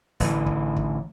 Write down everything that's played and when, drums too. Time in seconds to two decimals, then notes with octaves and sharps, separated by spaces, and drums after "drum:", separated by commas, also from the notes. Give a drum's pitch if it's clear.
0.20 A1 D3 E3, drum: open hi-hat
0.46 drum: kick
0.76 drum: kick